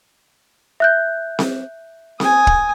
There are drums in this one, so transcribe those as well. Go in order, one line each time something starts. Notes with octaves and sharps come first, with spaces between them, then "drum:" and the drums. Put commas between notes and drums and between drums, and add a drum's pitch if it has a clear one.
E5 F#6 G6
drum: snare C4
G#5 D#6, drum: snare C4
drum: kick